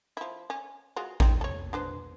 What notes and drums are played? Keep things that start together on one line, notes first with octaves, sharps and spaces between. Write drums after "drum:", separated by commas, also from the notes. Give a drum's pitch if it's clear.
F3 E4
C#4
G#3 F4 F#4
C4 D#4, drum: kick A1
A4 C#5
D4 B4 C5